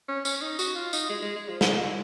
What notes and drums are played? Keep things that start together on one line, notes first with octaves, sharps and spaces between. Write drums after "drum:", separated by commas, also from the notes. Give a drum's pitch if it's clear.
C#4
C#4, drum: tambourine
D#4
F#4, drum: tambourine
F4
D#4, drum: tambourine
G#3
G#3
G#3
F3
drum: snare
G#3